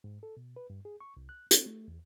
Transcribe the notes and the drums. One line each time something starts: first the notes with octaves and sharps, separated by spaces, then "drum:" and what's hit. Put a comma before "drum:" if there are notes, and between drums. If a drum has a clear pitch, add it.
G#2
A4
B2
B4
G2
G#4
C#6
C2
F#6
C4, drum: hi-hat
A3
E2